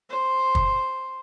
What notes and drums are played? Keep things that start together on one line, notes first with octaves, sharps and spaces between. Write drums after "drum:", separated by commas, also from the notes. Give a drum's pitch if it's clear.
C5
drum: kick